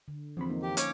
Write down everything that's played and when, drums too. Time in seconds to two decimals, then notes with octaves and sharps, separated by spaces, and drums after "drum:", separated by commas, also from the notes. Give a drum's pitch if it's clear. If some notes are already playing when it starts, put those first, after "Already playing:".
0.08 D3
0.37 E2 F3 C4 B5
0.49 A#3 D#4
0.63 G4
0.77 C#4 C#5 D6, drum: hi-hat